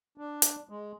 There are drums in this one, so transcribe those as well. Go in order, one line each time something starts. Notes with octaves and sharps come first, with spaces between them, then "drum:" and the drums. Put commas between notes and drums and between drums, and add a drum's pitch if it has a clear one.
D4
drum: hi-hat
G#3